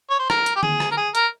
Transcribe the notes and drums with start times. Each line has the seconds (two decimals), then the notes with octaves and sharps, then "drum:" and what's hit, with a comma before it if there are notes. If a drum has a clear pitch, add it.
0.10 C#5
0.19 C5
0.30 A#4, drum: rim click
0.46 drum: hi-hat
0.56 G4
0.63 G#4, drum: tom D3
0.80 drum: rim click
0.91 A#4
0.97 G#4
1.15 A#4, drum: hi-hat